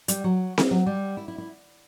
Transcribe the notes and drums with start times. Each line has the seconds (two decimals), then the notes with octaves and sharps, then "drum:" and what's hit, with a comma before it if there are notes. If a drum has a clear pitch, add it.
0.08 G3, drum: hi-hat
0.24 F#3
0.58 drum: snare C4
0.71 F#3
0.86 G3
1.17 E4
1.28 E4
1.38 E4